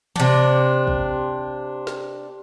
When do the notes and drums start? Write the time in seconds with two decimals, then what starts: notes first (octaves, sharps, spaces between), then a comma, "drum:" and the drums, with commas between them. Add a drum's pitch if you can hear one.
0.16 C3 D4, drum: tom D#3
0.87 drum: kick
1.87 drum: snare